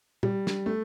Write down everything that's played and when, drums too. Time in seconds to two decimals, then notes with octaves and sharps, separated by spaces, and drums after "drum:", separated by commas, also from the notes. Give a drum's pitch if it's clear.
0.23 G3, drum: tom
0.47 drum: snare
0.66 A3